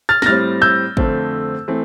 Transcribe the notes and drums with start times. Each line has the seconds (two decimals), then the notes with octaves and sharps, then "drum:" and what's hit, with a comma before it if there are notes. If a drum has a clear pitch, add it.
0.09 F6 A6
0.22 A#6, drum: snare
0.26 A2 G3 C4 F6 A6
0.62 E6 G6
0.97 F2 D3 A3 C4, drum: kick
1.68 E3 A3 C4